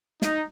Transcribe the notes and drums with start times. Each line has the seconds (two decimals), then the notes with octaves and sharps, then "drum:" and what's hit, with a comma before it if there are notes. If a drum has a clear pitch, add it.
0.22 D#4, drum: snare